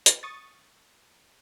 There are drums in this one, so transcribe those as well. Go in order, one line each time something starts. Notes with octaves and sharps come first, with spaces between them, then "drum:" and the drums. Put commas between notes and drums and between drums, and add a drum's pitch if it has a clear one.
drum: hi-hat
C#6 D#6 A6